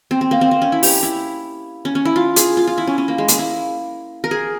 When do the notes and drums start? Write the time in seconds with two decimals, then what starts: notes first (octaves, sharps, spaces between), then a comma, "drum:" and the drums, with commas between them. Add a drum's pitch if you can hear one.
0.11 C4
0.21 C4
0.31 A#3
0.41 C4
0.51 C4
0.62 C#4
0.72 E4
0.83 G4, drum: open hi-hat
1.03 E4
1.85 C#4
1.95 C#4
2.05 E4
2.16 F4
2.36 G#4, drum: hi-hat
2.57 F4
2.67 F4
2.78 E4
2.87 C#4
2.98 C#4
3.08 A#3
3.18 G#3
3.28 A#3, drum: hi-hat
3.39 E4
4.24 A#4
4.31 G#4